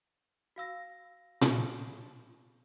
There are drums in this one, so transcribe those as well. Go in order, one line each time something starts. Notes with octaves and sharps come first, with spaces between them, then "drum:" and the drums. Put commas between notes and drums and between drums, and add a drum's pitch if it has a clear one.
F#4 F5 E6 A#6
drum: tom A#2